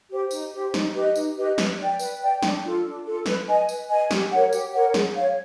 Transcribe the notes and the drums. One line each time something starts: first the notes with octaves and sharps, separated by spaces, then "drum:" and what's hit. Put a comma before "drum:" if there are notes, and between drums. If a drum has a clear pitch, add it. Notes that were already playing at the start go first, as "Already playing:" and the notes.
G4 C5
D#4, drum: tambourine
G4 C5
D#4, drum: snare
G4 B4 D#5
D#4, drum: tambourine
G4 B4 D#5
B4, drum: snare
D5 G5
B4, drum: tambourine
D5 G5
D4, drum: snare
F4 A4
D4
F4 A4
B4, drum: snare
D#5 G#5
B4, drum: tambourine
D#5 G#5
G4, drum: snare
A#4 C#5 F#5
G4, drum: tambourine
A#4 C#5 F#5
G#4, drum: snare
C#5 F5